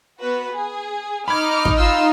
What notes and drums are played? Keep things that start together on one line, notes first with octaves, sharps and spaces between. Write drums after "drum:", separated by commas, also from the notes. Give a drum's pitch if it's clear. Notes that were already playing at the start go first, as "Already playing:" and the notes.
B3 F#4 B4
G#4
D#4 B5 D6 F6 G#6
drum: kick
F4 E6 F6